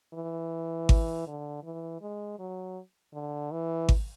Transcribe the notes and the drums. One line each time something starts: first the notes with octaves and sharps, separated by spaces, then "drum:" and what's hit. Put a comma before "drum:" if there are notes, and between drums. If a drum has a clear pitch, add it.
E3
drum: kick G#1
D3
E3
G#3
F#3
D3
E3
drum: kick G#1